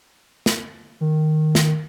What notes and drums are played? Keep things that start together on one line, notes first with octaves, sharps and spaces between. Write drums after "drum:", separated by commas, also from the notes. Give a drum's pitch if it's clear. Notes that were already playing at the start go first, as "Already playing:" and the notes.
drum: snare
D#3
drum: snare